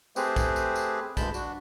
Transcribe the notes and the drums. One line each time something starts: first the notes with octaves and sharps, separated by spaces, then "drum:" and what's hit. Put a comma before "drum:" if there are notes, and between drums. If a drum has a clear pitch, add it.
A3 C4 G4 G#4 B4 C5, drum: tambourine
drum: kick, tambourine
drum: tambourine
drum: tambourine
D2 G2 G#3 A5 B5 G6, drum: kick, tambourine
D4 F#4, drum: tambourine